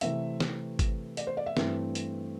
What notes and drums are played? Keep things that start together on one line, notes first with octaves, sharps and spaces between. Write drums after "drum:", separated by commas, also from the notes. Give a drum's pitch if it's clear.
C3 E3 A3 C4 E5, drum: hi-hat
drum: snare
drum: kick G#1, hi-hat
D5, drum: hi-hat
C5
D5
E5
G2 E3 A3 C4, drum: snare
drum: hi-hat